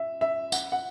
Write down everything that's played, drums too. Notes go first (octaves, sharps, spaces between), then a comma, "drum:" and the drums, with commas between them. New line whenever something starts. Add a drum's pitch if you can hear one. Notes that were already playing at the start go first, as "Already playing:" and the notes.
Already playing: E5
E5
F#5, drum: tambourine
F#5